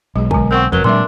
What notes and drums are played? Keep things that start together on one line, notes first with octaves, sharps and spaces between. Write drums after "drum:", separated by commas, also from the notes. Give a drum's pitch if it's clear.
B1 G#3 G#4
D3 G#3 G#5, drum: kick
C4 A#4 F#5 C#6
F1 F2 F#3 A#4 B4 G7
A#2 F#3 G#3 C4 D4 E5 C6 E6